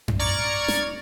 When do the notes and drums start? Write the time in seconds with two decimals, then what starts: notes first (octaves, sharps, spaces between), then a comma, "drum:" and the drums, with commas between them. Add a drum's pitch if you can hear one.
0.08 drum: tom F#2
0.19 D5 A#5 C#6 F6 G#6
0.68 drum: snare